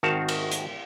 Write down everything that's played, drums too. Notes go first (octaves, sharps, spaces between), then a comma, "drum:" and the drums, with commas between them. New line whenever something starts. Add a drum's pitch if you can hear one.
G#1 D#3 C4 F#4 F5 A5
drum: cymbal
drum: hi-hat